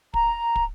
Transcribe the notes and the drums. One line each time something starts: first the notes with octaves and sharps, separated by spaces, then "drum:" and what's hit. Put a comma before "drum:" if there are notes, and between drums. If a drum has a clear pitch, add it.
A#5, drum: kick
drum: kick